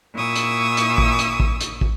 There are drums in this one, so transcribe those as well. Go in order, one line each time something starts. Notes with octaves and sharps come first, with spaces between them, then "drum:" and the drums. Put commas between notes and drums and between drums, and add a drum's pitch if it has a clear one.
A#2 E4 C#6 D#6 E6
drum: hi-hat
drum: hi-hat
drum: kick
drum: hi-hat
drum: kick
drum: hi-hat
drum: kick